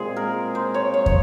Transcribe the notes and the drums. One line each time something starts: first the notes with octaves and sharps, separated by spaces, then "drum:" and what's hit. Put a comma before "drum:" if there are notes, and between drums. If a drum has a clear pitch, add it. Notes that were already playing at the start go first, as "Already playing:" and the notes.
Already playing: A#2 G#3 C4 G#4
A#4
C5
C#5
C#5
C#5, drum: kick